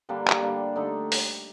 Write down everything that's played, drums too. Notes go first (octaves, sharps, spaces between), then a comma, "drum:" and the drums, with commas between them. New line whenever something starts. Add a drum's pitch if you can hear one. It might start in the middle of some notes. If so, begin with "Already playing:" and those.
D3 G3 A#3 D4
drum: clap
D3 G3 A#3 D4
D3 A3 D#4 A4
drum: open hi-hat